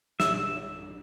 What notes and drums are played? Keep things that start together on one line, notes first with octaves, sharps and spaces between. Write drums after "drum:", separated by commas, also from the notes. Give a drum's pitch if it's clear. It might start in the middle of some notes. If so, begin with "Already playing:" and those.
E5, drum: snare